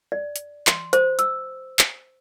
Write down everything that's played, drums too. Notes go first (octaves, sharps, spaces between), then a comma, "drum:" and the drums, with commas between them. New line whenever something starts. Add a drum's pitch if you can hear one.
D5
drum: hi-hat
C6, drum: clap
C5, drum: hi-hat
E6, drum: hi-hat
drum: clap